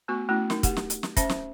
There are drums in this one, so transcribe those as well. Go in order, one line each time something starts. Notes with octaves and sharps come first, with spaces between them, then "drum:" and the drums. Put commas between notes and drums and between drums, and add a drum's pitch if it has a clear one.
A3 B3 F#4 C#6
A3 C#4 E4 F#4
D#4 A#4, drum: snare
G4 F#5, drum: kick, hi-hat
drum: snare
drum: hi-hat
drum: snare
C#4 C5 E5 A5, drum: kick, hi-hat
drum: snare